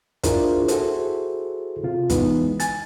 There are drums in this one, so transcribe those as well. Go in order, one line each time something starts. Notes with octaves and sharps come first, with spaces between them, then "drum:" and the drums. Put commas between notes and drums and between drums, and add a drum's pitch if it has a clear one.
D4 E4 F4 G#4 A#4 C5, drum: kick, hi-hat
E4 F#4 G#4 A4 C5, drum: hi-hat
C3 F4
E3 G#3 B3 D#4, drum: kick, hi-hat
G#5 A6, drum: hi-hat